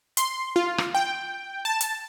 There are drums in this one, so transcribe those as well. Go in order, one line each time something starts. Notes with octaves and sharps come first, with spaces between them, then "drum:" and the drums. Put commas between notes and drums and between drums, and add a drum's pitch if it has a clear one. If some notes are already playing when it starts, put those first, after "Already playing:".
C6, drum: hi-hat
F4
drum: rim click
G5
A5
drum: hi-hat